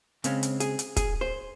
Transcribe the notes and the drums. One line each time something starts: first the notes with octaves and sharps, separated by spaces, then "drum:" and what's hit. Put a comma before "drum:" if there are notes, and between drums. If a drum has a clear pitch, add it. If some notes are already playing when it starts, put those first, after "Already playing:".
C#3 G#3 C4 C#4, drum: hi-hat
drum: hi-hat
G#4, drum: hi-hat
drum: hi-hat
G#4, drum: kick, hi-hat
C5